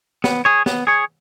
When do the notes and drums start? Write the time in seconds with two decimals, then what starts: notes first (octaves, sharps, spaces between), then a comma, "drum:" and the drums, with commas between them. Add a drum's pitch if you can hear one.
0.24 B3, drum: snare
0.45 G#4 C#5
0.66 B3, drum: snare
0.87 G#4 C#5